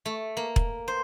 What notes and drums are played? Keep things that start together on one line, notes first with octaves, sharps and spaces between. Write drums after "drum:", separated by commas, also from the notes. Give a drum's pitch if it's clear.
A3
A#3
drum: kick E1
C5